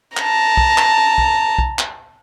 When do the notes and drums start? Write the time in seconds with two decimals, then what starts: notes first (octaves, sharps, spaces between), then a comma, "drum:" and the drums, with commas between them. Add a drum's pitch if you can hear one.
0.17 A5 A#5, drum: clap
0.57 drum: kick B1
0.78 drum: clap
1.18 drum: kick B1
1.59 drum: kick B1
1.79 drum: clap